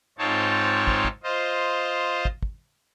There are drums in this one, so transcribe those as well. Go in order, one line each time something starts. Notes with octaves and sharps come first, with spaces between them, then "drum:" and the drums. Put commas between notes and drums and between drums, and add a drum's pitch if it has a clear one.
G#2 C4 D#4 F4 C#5 A5
drum: kick
drum: kick
F4 C5 D#5
drum: kick
drum: kick